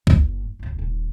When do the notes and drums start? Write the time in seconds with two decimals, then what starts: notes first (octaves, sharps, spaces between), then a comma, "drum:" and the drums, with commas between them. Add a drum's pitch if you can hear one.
0.07 F#1, drum: kick
0.59 F1 D2
0.79 D#1